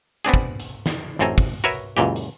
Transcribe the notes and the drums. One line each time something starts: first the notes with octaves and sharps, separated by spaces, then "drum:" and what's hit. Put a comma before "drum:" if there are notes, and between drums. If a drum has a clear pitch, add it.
B3 C4 D4 G#4
drum: kick
drum: hi-hat
drum: snare
A1 F#2 C4 A4 G#5 A#5
drum: kick, open hi-hat
F#4 A#4 B4 C#5 E5, drum: hi-hat
C#2 F#2 A#2 E3 G4
drum: hi-hat